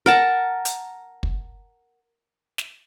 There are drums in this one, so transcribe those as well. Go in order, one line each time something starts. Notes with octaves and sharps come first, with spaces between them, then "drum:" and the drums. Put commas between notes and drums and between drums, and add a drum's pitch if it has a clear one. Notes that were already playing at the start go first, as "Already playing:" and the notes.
A#4 F#5 A5
drum: hi-hat
drum: kick
drum: snare